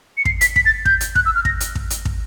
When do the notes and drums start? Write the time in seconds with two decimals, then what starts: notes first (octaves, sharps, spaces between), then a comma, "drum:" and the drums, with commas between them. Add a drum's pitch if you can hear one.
0.17 C#7
0.25 C7, drum: kick
0.41 B6, drum: hi-hat
0.56 B6, drum: kick
0.66 A6
0.85 G6, drum: kick
1.01 drum: hi-hat
1.15 F#6, drum: kick
1.26 E6
1.35 F6
1.45 A#6, drum: kick
1.60 drum: hi-hat
1.75 drum: kick
1.90 drum: hi-hat
2.05 drum: kick